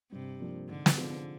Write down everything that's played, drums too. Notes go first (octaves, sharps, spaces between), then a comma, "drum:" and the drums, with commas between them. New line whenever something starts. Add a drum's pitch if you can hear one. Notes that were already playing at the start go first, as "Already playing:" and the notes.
G2 C3
F3 A#3 D4
G#2 D3
drum: snare
F3 C4 F4 G#4